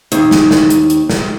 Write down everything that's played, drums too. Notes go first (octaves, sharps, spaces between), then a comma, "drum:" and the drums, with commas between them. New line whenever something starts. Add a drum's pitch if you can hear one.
D#2, drum: hi-hat
drum: snare
drum: snare
drum: hi-hat
drum: hi-hat
drum: snare